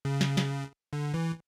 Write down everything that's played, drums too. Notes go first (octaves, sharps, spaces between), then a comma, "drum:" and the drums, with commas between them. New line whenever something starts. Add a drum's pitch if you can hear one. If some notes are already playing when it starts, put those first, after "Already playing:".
C#3
drum: snare
drum: snare
D3
E3